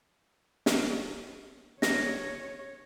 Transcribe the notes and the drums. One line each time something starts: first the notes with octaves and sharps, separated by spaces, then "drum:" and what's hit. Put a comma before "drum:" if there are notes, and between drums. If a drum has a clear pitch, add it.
drum: snare
C#5 A#6, drum: snare